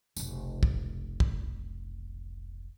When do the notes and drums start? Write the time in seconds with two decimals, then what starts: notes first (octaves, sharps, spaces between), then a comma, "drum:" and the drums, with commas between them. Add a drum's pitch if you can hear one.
0.17 F1 B1, drum: tambourine
0.63 drum: kick
1.20 drum: kick